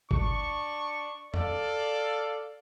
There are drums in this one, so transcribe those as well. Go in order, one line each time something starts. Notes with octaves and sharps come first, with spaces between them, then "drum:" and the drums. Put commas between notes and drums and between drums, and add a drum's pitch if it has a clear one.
D4 C#6, drum: kick G1
A4 D5 F5, drum: tom F2